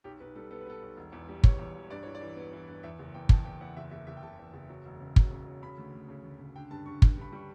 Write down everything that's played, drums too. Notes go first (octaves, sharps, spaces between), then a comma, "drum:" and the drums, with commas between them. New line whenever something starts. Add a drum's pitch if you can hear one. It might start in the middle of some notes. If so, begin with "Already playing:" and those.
B1 G4
B1 B4
G3 A4
B3 A4
B4
B3 A4
B1
E1
E2
G3
E2 C#5, drum: kick
E2
E1
G2 D5
E3 C#5
D5
E3
B3
E3
G2
E2 E5
F#1
E2 G5
E2 A5, drum: kick
E2 G5
E2 F#5
F#1 E5
F#1 E5
F#1 E5
G5
F#1 A5
E2
F#1
F#3
E1
C#3
F#3, drum: kick
C#3
F#3
C#3 B5
D2
D2
C#3
D2
C#3
D3 G5
G2 A5
G2 C#6
G2, drum: kick
G2 B5
G3 C#6